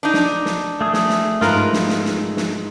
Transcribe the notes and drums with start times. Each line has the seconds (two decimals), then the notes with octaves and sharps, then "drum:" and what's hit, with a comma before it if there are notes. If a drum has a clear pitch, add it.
0.03 D4 D#4
0.14 drum: snare
0.45 drum: snare
0.81 A3 G#4 D#6
0.93 drum: snare
1.09 drum: snare
1.41 G#2 F4 A#4 B4, drum: snare
1.73 drum: snare
1.89 drum: snare
2.05 drum: snare
2.37 drum: snare